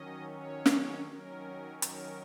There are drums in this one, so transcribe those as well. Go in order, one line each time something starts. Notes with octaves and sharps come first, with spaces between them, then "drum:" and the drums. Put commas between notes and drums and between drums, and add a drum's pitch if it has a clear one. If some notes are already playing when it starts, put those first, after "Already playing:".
Already playing: D#3 F#3 C#4 D#5
C#5
drum: snare
D#3 F#3 C#4 A#4
A#4, drum: hi-hat